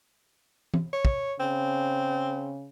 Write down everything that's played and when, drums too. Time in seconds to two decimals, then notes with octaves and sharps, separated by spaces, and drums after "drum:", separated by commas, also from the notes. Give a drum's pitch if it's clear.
0.74 drum: tom E3
0.93 C#5
1.05 drum: kick
1.40 C#3 C4